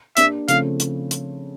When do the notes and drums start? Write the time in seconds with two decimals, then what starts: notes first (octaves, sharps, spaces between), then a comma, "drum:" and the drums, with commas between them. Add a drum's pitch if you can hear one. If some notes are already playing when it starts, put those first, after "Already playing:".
0.17 A#3 D4 G4 E5, drum: hi-hat
0.48 C#3 F3 A3 C4 F5, drum: hi-hat
0.80 drum: hi-hat
1.11 drum: hi-hat